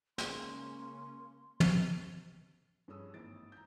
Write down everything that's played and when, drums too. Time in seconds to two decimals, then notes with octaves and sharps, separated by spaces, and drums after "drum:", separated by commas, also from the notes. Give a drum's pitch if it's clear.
0.18 C#3 G#3 A#3 C#4 C6, drum: snare
1.60 drum: tom
2.88 G2 F3 C#4 G#4 D#6 E6
3.14 G#1 E3 A#3 C5 A6 D7
3.52 A#5 G6